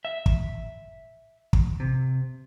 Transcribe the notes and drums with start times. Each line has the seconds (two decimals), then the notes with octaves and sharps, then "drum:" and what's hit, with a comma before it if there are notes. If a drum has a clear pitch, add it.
0.05 E5
0.26 drum: kick
1.53 drum: kick
1.80 C3